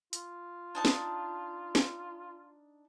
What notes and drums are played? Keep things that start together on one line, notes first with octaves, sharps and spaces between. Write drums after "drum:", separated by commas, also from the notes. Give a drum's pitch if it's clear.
F4, drum: hi-hat
D4 D#4 A5
drum: snare
drum: snare